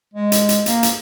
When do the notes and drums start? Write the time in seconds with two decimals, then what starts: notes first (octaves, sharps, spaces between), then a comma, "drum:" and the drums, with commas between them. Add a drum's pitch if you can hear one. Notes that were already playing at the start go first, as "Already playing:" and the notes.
0.14 G#3
0.32 drum: hi-hat
0.49 drum: hi-hat
0.66 A#3, drum: hi-hat
0.83 drum: hi-hat